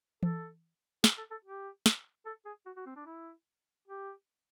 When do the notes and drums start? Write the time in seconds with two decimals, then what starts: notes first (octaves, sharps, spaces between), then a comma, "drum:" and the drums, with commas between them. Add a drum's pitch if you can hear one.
0.23 A4, drum: tom E3
1.04 G#4, drum: snare
1.18 A4
1.31 A4
1.45 G4
1.86 drum: snare
2.26 A4
2.46 G#4
2.66 F#4
2.77 F#4
2.86 C4
2.96 D4
3.06 E4
3.88 G4